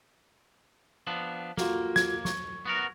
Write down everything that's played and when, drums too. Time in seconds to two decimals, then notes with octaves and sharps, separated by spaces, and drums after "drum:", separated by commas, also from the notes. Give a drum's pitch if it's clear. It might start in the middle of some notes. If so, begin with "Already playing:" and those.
1.07 F3 B3 D4
1.57 A#3 F4 F#4 A4, drum: snare
1.96 G#6, drum: snare
2.25 C#6, drum: snare
2.66 B3 F#4 A#4